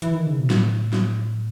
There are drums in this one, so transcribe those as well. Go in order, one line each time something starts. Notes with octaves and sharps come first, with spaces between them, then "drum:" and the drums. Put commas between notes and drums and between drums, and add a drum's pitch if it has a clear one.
E3, drum: hi-hat
D#3
C#3
B2
A2, drum: snare
drum: snare